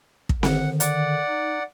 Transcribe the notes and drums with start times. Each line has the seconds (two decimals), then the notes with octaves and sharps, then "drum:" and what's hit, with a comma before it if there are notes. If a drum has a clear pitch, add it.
0.29 drum: kick
0.43 D3 D#3 F#5, drum: snare C4
0.80 D5 F#5, drum: hi-hat
1.28 D#4